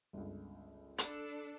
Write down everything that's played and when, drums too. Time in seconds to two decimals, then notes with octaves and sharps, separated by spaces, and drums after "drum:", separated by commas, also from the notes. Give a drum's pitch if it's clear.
0.13 G1 C#2
0.98 D4 A4 B5, drum: hi-hat